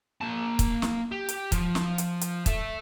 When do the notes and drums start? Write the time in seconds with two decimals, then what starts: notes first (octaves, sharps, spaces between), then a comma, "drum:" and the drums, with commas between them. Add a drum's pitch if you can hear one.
0.21 A#3 A5
0.59 drum: kick, hi-hat
0.82 drum: snare
1.11 G4
1.29 drum: hi-hat
1.52 F3, drum: kick, hi-hat
1.75 drum: snare
1.98 drum: hi-hat
2.21 drum: hi-hat
2.46 E5 A5, drum: kick, hi-hat